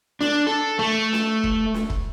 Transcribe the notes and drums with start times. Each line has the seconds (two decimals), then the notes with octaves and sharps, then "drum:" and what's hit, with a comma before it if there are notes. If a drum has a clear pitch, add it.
0.21 D4, drum: snare
0.47 A4
0.79 A3
1.13 drum: snare
1.44 drum: kick
1.74 drum: snare
1.90 drum: kick